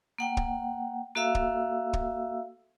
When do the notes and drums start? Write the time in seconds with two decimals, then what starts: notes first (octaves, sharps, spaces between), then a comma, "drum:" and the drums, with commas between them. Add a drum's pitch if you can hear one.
0.18 A#3 F#5 G5
0.37 drum: kick
1.15 A#3 F#4 A4 E5 F5 E6
1.35 drum: kick
1.93 drum: kick